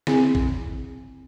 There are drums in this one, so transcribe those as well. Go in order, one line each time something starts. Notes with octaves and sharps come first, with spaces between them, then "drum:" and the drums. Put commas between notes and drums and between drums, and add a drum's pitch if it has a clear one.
C4 E4 G#4, drum: snare
drum: kick